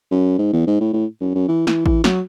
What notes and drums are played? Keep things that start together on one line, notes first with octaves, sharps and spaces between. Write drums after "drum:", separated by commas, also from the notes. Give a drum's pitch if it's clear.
F#2
G#2
E2
G#2
A2
A2
F#2
F#2
E3
E3, drum: snare
E3, drum: kick A1
F#3, drum: snare